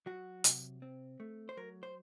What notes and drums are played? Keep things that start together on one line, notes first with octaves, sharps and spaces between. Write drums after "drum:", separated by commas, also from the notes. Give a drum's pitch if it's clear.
F#3 F#4
C3, drum: hi-hat
C4
A3
C5
F#3 A#4
C5